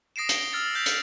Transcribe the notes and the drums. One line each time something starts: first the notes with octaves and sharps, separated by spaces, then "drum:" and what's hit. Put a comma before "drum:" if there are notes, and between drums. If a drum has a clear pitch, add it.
D#6 A#6 C7 D7 E7
G7, drum: hi-hat
E6 F6 A6 C#7
E6 G6 B6 F7
F6 A#6, drum: hi-hat